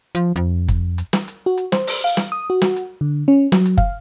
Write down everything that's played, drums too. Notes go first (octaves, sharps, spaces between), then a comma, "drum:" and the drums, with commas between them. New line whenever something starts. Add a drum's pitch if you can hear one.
F3
F2
drum: kick F#1, hi-hat
drum: hi-hat
drum: snare
drum: hi-hat
F#4
drum: hi-hat
C5, drum: snare
drum: open hi-hat
F5
drum: snare
D#6
F#4
drum: snare
drum: hi-hat
D3
C#4
F#3, drum: snare
drum: hi-hat
F5, drum: kick F#1